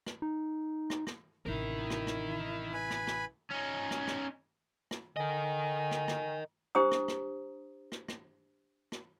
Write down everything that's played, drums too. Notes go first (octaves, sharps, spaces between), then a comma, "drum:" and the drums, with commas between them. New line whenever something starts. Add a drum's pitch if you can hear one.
drum: rim click
D#4
drum: rim click
drum: rim click
A1 C3 D#4 E4 A#4
drum: rim click
drum: rim click
B4 G#5 B5
drum: rim click
drum: rim click
C#4 D#4
drum: rim click
drum: rim click
drum: rim click
D3 A#4 D#5 G#5
drum: rim click
drum: rim click
D4 G4 C5 A#5 D#6
drum: rim click
drum: rim click
drum: rim click
drum: rim click
drum: rim click